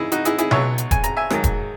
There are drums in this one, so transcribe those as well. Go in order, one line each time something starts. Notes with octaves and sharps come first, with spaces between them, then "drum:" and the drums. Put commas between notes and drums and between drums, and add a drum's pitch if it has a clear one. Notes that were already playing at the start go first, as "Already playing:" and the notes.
Already playing: E2 C#3 E3 D#4 E4 G#4
D#4 F#4, drum: hi-hat
E4 G#4, drum: hi-hat
E4 G#4, drum: hi-hat
C#2 B2 F#3 C#5 E5, drum: tom B2
drum: hi-hat
G#5, drum: kick E1, hi-hat
A#5, drum: hi-hat
E5 G#5
G#2 D#3 F#3, drum: rim click
drum: kick E1, hi-hat